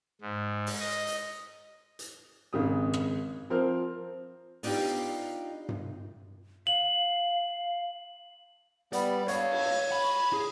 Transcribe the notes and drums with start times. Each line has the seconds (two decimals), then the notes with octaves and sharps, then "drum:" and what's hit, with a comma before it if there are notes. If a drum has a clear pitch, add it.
0.21 G#2
0.67 drum: open hi-hat
0.80 D#5
1.07 drum: hi-hat
1.99 drum: hi-hat
2.53 G#1 C#3 D#6
2.94 drum: rim click
3.50 F3 C4 A#4 F6
4.63 B3 D4 D#4 F4 G4, drum: open hi-hat
5.69 drum: tom G2
6.67 F5 F#7
8.93 G3 B3 D5, drum: hi-hat
9.28 B4 C#5 F5, drum: hi-hat
9.52 drum: cymbal
9.92 B5
10.33 G#4